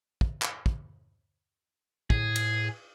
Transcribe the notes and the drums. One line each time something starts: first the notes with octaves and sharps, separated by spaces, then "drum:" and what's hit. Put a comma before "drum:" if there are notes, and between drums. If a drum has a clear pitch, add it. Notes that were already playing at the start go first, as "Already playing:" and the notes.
drum: kick
drum: clap
drum: kick
A2 G#4, drum: kick
drum: cymbal